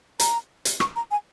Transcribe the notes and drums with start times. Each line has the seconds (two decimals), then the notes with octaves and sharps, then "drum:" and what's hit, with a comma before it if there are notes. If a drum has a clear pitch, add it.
0.20 A#5, drum: hi-hat
0.65 drum: hi-hat
0.80 C#6, drum: rim click
0.96 A#5
1.11 G#5